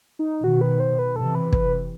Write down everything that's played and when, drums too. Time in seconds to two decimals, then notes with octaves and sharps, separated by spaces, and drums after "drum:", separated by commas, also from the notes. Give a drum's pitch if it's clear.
0.19 D#4
0.43 B2 D#3 F#4
0.61 B4
0.80 C5
0.99 B4
1.16 C3 E3 A4
1.35 B4
1.53 B4, drum: kick